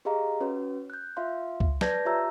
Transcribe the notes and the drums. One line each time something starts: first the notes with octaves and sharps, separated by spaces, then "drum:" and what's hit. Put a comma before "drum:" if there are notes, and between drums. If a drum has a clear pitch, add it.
G4 G#4 D#5 F5 A#5
C#4 F#4 B4 C#5
F#6 G6
F4 E5 F5 C6
drum: kick C#2
B4 D5 A5 G6 G#6 A#6, drum: snare
F4 G4 C#5 E5 A#5 E6